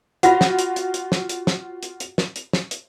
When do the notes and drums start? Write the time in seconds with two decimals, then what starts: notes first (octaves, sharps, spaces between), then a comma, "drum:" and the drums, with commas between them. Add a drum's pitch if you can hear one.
0.23 F4 F#4 F#5 B5 A#6, drum: hi-hat
0.41 drum: snare
0.59 drum: hi-hat
0.76 drum: hi-hat
0.94 drum: hi-hat
1.12 drum: snare
1.29 drum: hi-hat
1.47 drum: snare
1.83 drum: hi-hat
2.00 drum: hi-hat
2.18 drum: snare
2.36 drum: hi-hat
2.53 drum: snare
2.71 drum: hi-hat